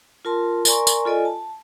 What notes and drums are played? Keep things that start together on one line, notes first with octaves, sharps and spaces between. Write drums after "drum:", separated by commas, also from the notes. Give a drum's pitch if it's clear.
F4 A#4 A5 C6
A#4 D5 G#5 A#5 C6 C#6, drum: tambourine
drum: tambourine
F4 A4 D5 D#5 G#5
A5